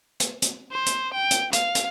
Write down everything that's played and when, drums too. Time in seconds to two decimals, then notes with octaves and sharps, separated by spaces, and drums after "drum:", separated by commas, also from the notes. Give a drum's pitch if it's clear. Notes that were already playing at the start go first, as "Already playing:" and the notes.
0.20 drum: hi-hat
0.42 drum: hi-hat
0.72 C5
0.86 drum: hi-hat
1.14 G5
1.31 drum: hi-hat
1.53 F5, drum: hi-hat
1.75 drum: hi-hat